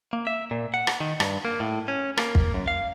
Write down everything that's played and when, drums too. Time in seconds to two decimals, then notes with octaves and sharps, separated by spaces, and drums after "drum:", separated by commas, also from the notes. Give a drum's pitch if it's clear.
0.13 A#3
0.27 E5
0.51 A#2
0.74 F#5
0.87 drum: rim click
1.00 D#3
1.20 G2, drum: rim click
1.45 A#3
1.60 A2
1.88 C#4
2.17 A#3, drum: rim click
2.35 drum: kick
2.54 F#2
2.68 F5